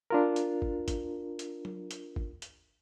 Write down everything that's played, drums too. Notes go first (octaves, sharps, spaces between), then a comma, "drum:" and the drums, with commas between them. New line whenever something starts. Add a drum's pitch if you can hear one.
D4 F4 A#4
drum: hi-hat
drum: kick G1
drum: kick G1, hi-hat
drum: hi-hat
drum: tom F#3
drum: hi-hat
drum: kick G1
drum: hi-hat